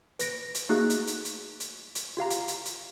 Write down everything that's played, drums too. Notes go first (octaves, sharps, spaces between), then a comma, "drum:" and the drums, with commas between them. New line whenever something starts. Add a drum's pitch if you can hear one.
B4 A#6 D7, drum: hi-hat
drum: hi-hat
A3 A#3 D#4 F#4 G#4 F#6
drum: hi-hat
drum: hi-hat
drum: hi-hat
drum: hi-hat
drum: hi-hat
F4 G4 F5 A#5
drum: hi-hat
drum: hi-hat
drum: hi-hat